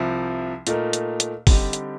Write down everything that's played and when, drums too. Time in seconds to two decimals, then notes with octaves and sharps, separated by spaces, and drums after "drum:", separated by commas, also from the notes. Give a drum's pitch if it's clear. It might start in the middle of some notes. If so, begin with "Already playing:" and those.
Already playing: C2 C3 F3
0.67 A#2 A3 D#4 A#4, drum: hi-hat
0.93 drum: hi-hat
1.20 drum: hi-hat
1.47 D3 G3 C4 D#4 G4, drum: kick, open hi-hat
1.73 drum: hi-hat